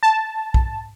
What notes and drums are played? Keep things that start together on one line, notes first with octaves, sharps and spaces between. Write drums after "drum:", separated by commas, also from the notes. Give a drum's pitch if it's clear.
A5
drum: kick B1